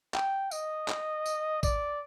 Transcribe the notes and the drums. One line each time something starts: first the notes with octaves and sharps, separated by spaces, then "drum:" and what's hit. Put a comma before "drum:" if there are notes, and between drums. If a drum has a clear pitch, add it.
G5, drum: clap
D#5, drum: tambourine
drum: clap
drum: tambourine
D5, drum: kick A1, tambourine